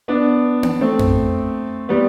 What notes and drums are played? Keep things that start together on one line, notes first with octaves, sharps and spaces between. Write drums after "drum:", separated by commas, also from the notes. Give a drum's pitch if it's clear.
B3 D4
drum: tom B3
A3 C4
drum: tom F2
G3 B3